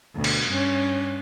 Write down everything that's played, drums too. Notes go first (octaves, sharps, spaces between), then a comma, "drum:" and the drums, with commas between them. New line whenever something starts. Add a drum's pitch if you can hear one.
D2 B2
drum: cymbal
G2 C#4